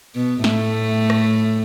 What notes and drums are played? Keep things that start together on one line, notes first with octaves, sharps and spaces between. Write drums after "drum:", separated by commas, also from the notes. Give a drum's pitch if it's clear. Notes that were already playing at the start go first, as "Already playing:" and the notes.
B2 B3
A2 A3, drum: snare
drum: rim click